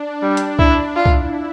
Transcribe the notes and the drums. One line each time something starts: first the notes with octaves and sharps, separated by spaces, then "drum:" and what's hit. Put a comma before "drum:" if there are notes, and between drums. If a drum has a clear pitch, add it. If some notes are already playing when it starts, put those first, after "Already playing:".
Already playing: D4
G3
drum: hi-hat
E4, drum: kick C2
E4 F4
drum: kick C2